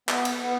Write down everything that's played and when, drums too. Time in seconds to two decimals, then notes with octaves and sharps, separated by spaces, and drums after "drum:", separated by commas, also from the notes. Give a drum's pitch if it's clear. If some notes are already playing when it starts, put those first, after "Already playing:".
0.09 B3, drum: clap
0.25 drum: cymbal
0.41 B3